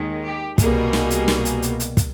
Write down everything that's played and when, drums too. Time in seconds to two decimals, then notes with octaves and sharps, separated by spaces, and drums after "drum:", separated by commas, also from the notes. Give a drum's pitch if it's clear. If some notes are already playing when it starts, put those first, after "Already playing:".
Already playing: D#2 D#3 G#3
0.23 G4
0.58 C2 B2 G3 A#3 G#4, drum: kick, hi-hat
0.93 drum: snare
1.10 drum: hi-hat
1.28 drum: snare
1.45 drum: hi-hat
1.62 drum: hi-hat
1.80 drum: hi-hat
1.97 drum: kick, hi-hat